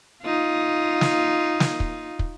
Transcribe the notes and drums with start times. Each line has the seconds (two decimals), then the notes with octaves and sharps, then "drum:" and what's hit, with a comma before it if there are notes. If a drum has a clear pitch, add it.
0.23 D#4 F4
1.01 drum: snare
1.60 drum: snare
1.80 drum: kick
2.19 drum: kick